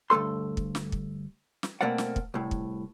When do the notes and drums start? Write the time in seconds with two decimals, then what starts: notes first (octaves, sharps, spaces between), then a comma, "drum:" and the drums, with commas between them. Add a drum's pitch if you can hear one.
0.10 D2 G2 A3 A4 C6
0.57 drum: kick
0.75 drum: snare
0.92 drum: kick
1.63 drum: snare
1.81 B2 A3 A#3 C4 D5 F#5
1.98 drum: snare
2.16 drum: kick
2.34 C2 A2
2.51 drum: kick